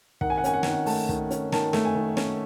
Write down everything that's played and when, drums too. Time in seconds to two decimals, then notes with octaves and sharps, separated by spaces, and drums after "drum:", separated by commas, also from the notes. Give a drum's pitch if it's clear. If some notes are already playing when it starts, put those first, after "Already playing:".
0.21 D#3 F#5, drum: kick
0.30 G#5
0.38 F#5
0.44 C#4 G#5, drum: hi-hat
0.54 F#5
0.63 D#3 G#5, drum: snare
0.71 F#5
0.86 A3 A5, drum: open hi-hat
1.09 D#3, drum: kick
1.31 C#4, drum: hi-hat
1.52 D#3 A5, drum: snare
1.73 A3, drum: snare
1.85 G#5
1.95 D#3
2.17 C#4, drum: snare